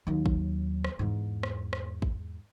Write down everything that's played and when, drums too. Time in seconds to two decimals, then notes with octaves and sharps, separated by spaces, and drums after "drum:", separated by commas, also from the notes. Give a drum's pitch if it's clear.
0.07 D#2 F#3
0.26 drum: kick
0.84 drum: rim click
0.99 E2 G#2
1.43 drum: rim click
1.73 drum: rim click
2.02 drum: kick